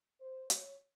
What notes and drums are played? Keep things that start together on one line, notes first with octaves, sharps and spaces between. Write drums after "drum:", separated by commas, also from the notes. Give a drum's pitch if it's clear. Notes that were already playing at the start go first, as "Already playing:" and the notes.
C5
C#5, drum: hi-hat